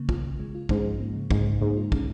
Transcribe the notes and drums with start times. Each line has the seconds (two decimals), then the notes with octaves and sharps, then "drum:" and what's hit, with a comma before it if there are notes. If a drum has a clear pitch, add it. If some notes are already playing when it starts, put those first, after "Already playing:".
Already playing: C#3 A#3
0.09 F4, drum: kick
0.24 C#3
0.39 G#3
0.55 F4
0.69 G#2 C#4, drum: kick
0.85 F3
1.00 A#3
1.15 C#3
1.31 G#2 D#4, drum: kick
1.46 C#3
1.61 G#2 A#3
1.77 F4
1.92 C#4, drum: kick